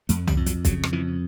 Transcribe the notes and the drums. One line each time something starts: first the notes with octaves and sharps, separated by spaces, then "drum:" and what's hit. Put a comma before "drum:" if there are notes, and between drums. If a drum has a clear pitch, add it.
F2 A3, drum: hi-hat
G3, drum: tom C2
F2
F#3, drum: hi-hat
C#3 F#3, drum: kick, hi-hat
drum: rim click
F2 E3